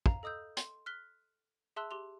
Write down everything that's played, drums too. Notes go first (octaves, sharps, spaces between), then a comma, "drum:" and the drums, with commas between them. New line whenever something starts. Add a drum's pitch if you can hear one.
F5 A#5, drum: kick
A4 D#5 D#6 E6 G6
C6, drum: hi-hat
F6 F#6 B6 G7
G#4 E5 A5 C6 E6 F#6
G4 C6 F7